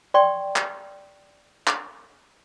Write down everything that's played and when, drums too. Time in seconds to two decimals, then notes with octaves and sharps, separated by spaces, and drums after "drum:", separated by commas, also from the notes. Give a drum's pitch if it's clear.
0.14 D5 G5 C6 C#6
0.56 drum: clap
1.67 drum: clap